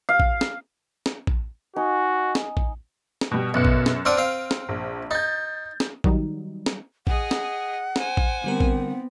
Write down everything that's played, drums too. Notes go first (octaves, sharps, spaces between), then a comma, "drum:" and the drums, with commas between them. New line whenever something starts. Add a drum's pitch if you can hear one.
F5
drum: kick
drum: snare
drum: snare
drum: kick
D#4 F#4 G#5
drum: snare
drum: kick
drum: snare
B2 G3
B1 F#2 F#6 C#7
drum: kick
drum: snare
C4 D4 F#5 F6 D7 D#7
C4 F5
drum: snare
A#1
D#4 G6 A6
drum: snare
D#3 F#3 G3 D#4, drum: kick
drum: snare
G#4 D#5 F#5, drum: kick
drum: snare
C5 G#5, drum: snare
drum: kick
D3 G3 B3 C4 A#4
drum: kick